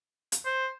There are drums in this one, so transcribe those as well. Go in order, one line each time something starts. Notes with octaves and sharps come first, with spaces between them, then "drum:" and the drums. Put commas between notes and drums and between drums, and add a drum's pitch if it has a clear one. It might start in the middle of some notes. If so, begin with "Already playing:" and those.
drum: hi-hat
C5